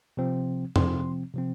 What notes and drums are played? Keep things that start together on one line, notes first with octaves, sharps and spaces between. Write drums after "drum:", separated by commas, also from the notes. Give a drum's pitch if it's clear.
C3 F3 C4
C3 F3 C4 C6, drum: tom F2
C3 F3 C4